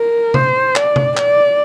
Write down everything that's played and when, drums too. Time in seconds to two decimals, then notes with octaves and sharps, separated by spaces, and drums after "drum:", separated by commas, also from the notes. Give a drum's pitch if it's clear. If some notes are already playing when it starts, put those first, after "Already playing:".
Already playing: A#4
0.34 C5, drum: tom C3
0.76 D5, drum: clap
0.96 drum: tom C3
1.17 D5, drum: clap